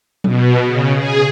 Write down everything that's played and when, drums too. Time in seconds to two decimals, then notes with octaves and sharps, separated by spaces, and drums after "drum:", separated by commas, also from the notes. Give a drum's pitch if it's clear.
0.24 B2, drum: tom F#3
0.64 C#3
0.97 G#4